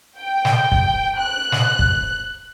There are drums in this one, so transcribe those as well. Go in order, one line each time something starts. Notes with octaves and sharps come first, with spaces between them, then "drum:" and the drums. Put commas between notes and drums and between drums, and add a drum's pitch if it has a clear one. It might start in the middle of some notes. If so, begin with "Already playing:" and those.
G5
drum: snare
drum: kick
F#6
drum: snare
drum: kick